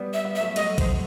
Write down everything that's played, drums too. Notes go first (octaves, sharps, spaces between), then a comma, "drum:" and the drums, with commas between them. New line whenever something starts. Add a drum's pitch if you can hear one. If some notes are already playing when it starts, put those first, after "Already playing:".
Already playing: G3 B3
E5
G3 B3
E5
F#3 A3
F#3 A3 D#5, drum: cymbal
C5, drum: kick B1, cymbal